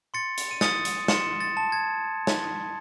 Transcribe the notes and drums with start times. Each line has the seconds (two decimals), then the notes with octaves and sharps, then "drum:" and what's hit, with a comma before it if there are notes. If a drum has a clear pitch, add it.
0.14 C6 A6 C#7
0.38 drum: hi-hat
0.51 D#7
0.61 D#6 A6 C#7, drum: snare
0.85 drum: hi-hat
1.08 C6 C#7 E7, drum: snare
1.40 A6
1.57 A5
1.72 G#6
2.27 drum: snare